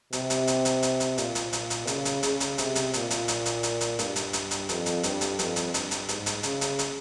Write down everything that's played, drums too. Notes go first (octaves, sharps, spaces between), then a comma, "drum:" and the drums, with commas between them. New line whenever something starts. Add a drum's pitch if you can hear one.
C3, drum: hi-hat
drum: hi-hat
drum: hi-hat
drum: hi-hat
drum: hi-hat
drum: hi-hat
A#2, drum: hi-hat
drum: hi-hat
drum: hi-hat
drum: hi-hat
C#3, drum: hi-hat
drum: hi-hat
C#3, drum: hi-hat
drum: hi-hat
C3, drum: hi-hat
drum: hi-hat
A#2, drum: hi-hat
drum: hi-hat
drum: hi-hat
drum: hi-hat
drum: hi-hat
drum: hi-hat
G2, drum: hi-hat
drum: hi-hat
drum: hi-hat
drum: hi-hat
F2, drum: hi-hat
drum: hi-hat
G2, drum: hi-hat
drum: hi-hat
F2, drum: hi-hat
drum: hi-hat
G2, drum: hi-hat
drum: hi-hat
G#2, drum: hi-hat
drum: hi-hat
C#3, drum: hi-hat
drum: hi-hat
drum: hi-hat